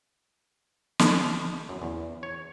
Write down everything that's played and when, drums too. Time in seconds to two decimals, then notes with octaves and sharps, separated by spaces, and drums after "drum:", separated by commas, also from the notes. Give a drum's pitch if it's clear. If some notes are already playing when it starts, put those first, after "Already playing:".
0.99 drum: snare
1.69 F#2
1.82 E2
2.23 C#5